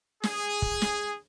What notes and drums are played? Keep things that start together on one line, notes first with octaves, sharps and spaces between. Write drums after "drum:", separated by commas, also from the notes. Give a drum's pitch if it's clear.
G#4, drum: snare
drum: kick
drum: snare